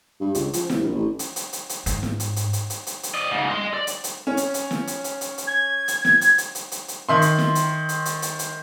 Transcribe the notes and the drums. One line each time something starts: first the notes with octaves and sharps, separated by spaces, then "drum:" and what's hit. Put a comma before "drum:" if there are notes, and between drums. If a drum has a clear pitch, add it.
G2
C#2, drum: hi-hat
F3, drum: hi-hat
C2, drum: snare
A#1
A1
drum: hi-hat
drum: hi-hat
drum: hi-hat
drum: hi-hat
G#2, drum: hi-hat
drum: snare
drum: hi-hat
drum: hi-hat
drum: hi-hat
drum: hi-hat
drum: hi-hat
drum: hi-hat
D5 D#5
G#2 C#3
D#5 C6
D5
drum: hi-hat
drum: hi-hat
C#4
drum: hi-hat
drum: hi-hat
drum: snare
drum: hi-hat
drum: hi-hat
drum: hi-hat
drum: hi-hat
G#6
drum: hi-hat
drum: snare
drum: hi-hat
drum: hi-hat
drum: hi-hat
drum: hi-hat
drum: hi-hat
D#3 E5 C6
drum: hi-hat
drum: snare
drum: hi-hat
drum: hi-hat
drum: hi-hat
drum: hi-hat
drum: hi-hat